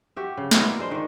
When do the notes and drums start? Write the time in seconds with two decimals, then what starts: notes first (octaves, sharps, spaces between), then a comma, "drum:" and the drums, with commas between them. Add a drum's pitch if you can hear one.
0.16 F#4 G4 E5
0.37 C#3
0.51 B2 B3 E4 F4, drum: snare
0.64 F4 A#4 D5
0.79 G#3 D4 C5
0.91 D#3 D4